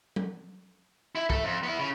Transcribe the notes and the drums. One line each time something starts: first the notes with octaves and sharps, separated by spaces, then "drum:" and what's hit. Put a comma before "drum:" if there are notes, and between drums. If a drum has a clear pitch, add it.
drum: tom F#3
E4
A4 E5, drum: kick
F2
B3 E4
C#3